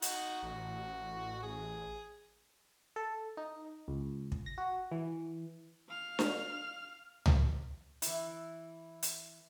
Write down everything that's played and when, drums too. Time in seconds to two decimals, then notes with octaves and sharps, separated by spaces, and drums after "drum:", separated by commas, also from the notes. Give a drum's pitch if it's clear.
0.02 D#4 F#4 F#5, drum: hi-hat
0.43 A1 F#4
1.43 G#4
2.96 A4
3.37 D#4
3.88 C#2
4.32 drum: kick
4.46 A#6
4.58 F#4
4.91 E3
5.89 F5 F6
6.19 drum: snare D4
7.26 drum: tom C#2
8.02 E3 E4, drum: hi-hat
9.03 drum: hi-hat